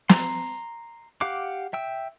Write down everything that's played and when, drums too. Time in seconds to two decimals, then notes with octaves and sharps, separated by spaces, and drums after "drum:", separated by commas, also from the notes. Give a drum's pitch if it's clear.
0.09 A#5 C6, drum: snare
1.21 G4 F5 F#5 D6
1.73 E5 G5 E6